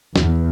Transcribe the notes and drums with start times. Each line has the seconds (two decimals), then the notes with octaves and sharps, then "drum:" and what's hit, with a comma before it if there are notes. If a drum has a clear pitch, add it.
0.16 E2, drum: snare